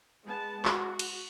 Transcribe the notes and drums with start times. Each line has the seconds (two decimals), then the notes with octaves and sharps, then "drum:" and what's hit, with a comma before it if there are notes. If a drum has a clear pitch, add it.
0.25 G#3 B3 A5
0.65 F#4, drum: clap
0.99 drum: cymbal